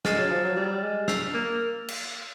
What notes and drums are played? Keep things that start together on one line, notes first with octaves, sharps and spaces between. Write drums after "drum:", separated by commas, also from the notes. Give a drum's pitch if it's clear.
G#3 F6 A6 C7 E7, drum: snare
F#3
F3
F#3
G3
G#3
E6 G6 C7 F7, drum: snare
A#3
drum: cymbal